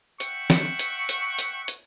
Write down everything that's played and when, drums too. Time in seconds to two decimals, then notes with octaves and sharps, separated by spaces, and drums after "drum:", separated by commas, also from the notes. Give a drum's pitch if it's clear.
0.20 E5 F#5 G5 C#6, drum: hi-hat
0.50 drum: snare
0.79 drum: hi-hat
1.09 drum: hi-hat
1.38 drum: hi-hat
1.68 drum: hi-hat